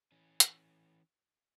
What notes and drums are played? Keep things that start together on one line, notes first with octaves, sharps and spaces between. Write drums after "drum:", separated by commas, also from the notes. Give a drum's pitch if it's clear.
E3 C#4
drum: hi-hat